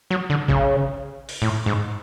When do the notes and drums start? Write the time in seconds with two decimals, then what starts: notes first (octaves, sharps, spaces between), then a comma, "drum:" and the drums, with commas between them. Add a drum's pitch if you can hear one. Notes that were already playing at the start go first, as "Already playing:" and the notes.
0.11 F#3
0.30 D3
0.48 C#3, drum: kick
1.29 drum: open hi-hat
1.42 A2
1.66 G#2